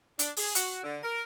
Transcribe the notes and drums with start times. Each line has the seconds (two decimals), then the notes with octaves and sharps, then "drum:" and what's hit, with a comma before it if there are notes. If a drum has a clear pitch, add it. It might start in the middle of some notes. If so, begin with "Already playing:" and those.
0.19 D4, drum: hi-hat
0.37 G#4, drum: open hi-hat
0.55 F#4, drum: hi-hat
0.83 D3
1.03 A#4